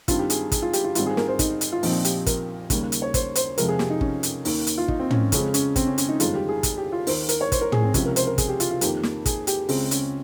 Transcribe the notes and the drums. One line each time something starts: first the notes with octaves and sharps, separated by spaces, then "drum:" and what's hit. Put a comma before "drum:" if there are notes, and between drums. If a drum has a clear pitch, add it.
G2 D#3 G3 C4 F4, drum: kick, hi-hat
G4
G#4, drum: hi-hat
G#4, drum: kick, hi-hat
F4
G4, drum: hi-hat
F4
G#1 G#2 G3 C4 F4, drum: hi-hat
G#4
A#4, drum: snare
C5
D#4, drum: kick, hi-hat
drum: hi-hat
F4
A#1 A#2 F3 C4 D#4, drum: open hi-hat
G4, drum: hi-hat
A#4, drum: kick, hi-hat
D#2 C#3 G3 A#3, drum: kick, hi-hat
drum: hi-hat
C#5
C5, drum: kick, hi-hat
C5, drum: hi-hat
F2 C3 F3 G#3 A#4, drum: hi-hat
G#4
G4, drum: snare
D#4
C#4, drum: kick
drum: hi-hat
D#2 D#3 A#3, drum: open hi-hat
drum: hi-hat
F4
D#4, drum: kick
C4
C#4, drum: tom
F2 C#3 G#3 C4 C#4, drum: kick, hi-hat
C#4, drum: hi-hat
C4, drum: kick, hi-hat
C#4
C#4, drum: hi-hat
D#4
G1 F2 D#3 G#3 F4, drum: hi-hat
G4
G#4
drum: kick, hi-hat
G4
F4
D#2 D#3 A#3 C5, drum: open hi-hat
A#4, drum: hi-hat
C#5
C5, drum: kick, hi-hat
A#4
G#4, drum: tom
C4
C#2 C3 F3 C#4, drum: kick, hi-hat
A#4
C5, drum: hi-hat
A#4
G#4, drum: kick, hi-hat
G4
F4, drum: hi-hat
F4
F2 D#3 A#3 G4, drum: hi-hat
drum: snare
G#4, drum: kick, hi-hat
G4, drum: hi-hat
C#2 C#3 G#3 C4, drum: open hi-hat
C#4, drum: hi-hat